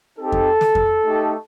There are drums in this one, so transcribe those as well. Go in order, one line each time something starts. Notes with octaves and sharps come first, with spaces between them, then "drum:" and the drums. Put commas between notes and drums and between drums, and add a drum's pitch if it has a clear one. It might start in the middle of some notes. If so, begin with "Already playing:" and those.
C4 D#4 G4 A4
drum: kick F2
drum: snare
drum: kick F2
A3 D#4 G4